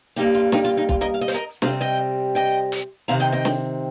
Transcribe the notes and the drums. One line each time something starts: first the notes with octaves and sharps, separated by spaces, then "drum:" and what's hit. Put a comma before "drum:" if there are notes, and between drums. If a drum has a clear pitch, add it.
G2 G3 A#3 D#4 G4
F4
D#4 G4, drum: snare
F4
D#4
F4, drum: kick B1
A#4 D#5
F5
D#5
C5, drum: hi-hat
A#4 D#5
C3 G3 C4 C5 F5, drum: snare
D#5 G5
D#5 G5
drum: hi-hat
C3 D#3 C4 F5 A#5
D#5 G5
D#5 G5
drum: snare